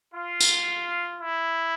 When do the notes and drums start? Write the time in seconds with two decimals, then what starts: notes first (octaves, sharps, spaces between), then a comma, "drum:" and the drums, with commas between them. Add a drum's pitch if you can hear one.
0.13 F4
0.40 drum: tambourine
1.19 E4